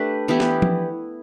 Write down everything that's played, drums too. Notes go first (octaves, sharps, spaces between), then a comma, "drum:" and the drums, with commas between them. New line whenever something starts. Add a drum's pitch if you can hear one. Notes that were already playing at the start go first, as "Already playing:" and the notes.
Already playing: A3 D4 G4 B4
E3 B3 E4 G4
drum: snare
drum: tom F3